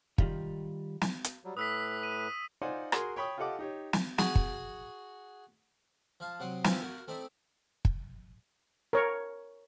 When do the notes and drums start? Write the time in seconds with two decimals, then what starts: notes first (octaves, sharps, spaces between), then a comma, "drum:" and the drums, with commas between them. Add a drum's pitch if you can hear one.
0.18 D#3 G3 F4, drum: kick
1.01 drum: snare
1.24 drum: hi-hat
1.45 F#3 G3
1.57 A2 B4 D#6 E6 B6
2.03 D#7
2.62 D#4 F4 C5 D5 F#5 G#5
2.92 F#4 G#4 A#4 G#5 C6, drum: rim click
3.16 C#5 G5 B5 C#6 D#6
3.38 F4 G4 A4 D#5 F#5 D6
3.59 D#4 G4 C#5
3.93 drum: snare
4.18 F#4 G#4 G#5, drum: snare
4.35 drum: kick
6.20 F3 F5 A5
6.40 C3 F#3 F#5 C6 D6 D#6
6.64 F3 C#4 E4 F4 G4 B4, drum: snare
6.82 F#4 A#4
7.08 A3 C4 D#4 E4 D5
7.85 drum: kick
8.93 A#4 C#5